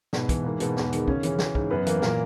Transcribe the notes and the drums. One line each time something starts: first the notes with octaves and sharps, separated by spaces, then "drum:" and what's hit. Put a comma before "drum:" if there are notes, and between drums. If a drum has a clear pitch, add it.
G#2 B2 B3, drum: snare
E3, drum: kick, hi-hat
G#2 A#3
G#2 B2 B3, drum: hi-hat
E2, drum: snare
D#3, drum: hi-hat
C#3 C#4, drum: kick
C#3 E3 C#4, drum: hi-hat
E3, drum: snare
G#2, drum: kick
F#2 B3 B4
E3 A#3 A#4, drum: hi-hat
A#2 A#3 A#4, drum: snare